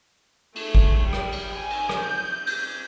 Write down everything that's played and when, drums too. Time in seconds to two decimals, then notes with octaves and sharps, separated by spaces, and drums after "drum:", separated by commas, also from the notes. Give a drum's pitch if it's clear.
0.55 A3, drum: cymbal
0.75 drum: kick G#1
1.02 G3
1.13 drum: rim click
1.32 drum: cymbal
1.55 G#5
1.70 drum: cymbal
1.89 drum: rim click
2.00 G6
2.47 drum: cymbal